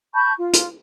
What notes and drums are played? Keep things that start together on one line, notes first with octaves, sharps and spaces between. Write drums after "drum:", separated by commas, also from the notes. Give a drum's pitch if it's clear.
A5 B5 C#6 G6
F4
drum: hi-hat